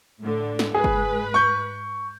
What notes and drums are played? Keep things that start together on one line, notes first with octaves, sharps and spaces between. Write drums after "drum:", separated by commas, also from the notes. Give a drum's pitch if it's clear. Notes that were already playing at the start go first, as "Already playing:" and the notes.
A2 D3
drum: snare
G#2 G#4 B4
drum: kick F#1
C#6 G6